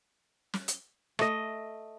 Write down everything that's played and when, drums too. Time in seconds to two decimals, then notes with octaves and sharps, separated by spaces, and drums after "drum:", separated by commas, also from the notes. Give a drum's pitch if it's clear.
0.54 drum: snare
0.68 drum: hi-hat
1.19 A3 D#5, drum: rim click